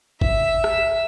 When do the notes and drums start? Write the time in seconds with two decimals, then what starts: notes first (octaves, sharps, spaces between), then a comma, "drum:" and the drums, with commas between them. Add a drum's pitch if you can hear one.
0.21 E5, drum: kick
0.64 drum: rim click